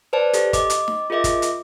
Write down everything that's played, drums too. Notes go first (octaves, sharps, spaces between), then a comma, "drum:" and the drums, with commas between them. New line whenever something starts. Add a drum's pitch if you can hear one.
B4 C5 D5 A5
G4 A4, drum: hi-hat
D#5 D6, drum: kick G1, hi-hat
drum: hi-hat
drum: snare
F4 G#4 A#4 D#5 E5 D6
drum: kick G1, hi-hat
drum: hi-hat